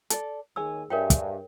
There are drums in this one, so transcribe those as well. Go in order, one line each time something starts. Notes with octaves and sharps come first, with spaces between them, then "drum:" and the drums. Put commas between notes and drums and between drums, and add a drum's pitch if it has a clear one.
A4 D5, drum: hi-hat
D#2 G#4 C#5 G#5 E6
G2 G4 A#4 C#5 E5 G5 G#5
drum: kick, hi-hat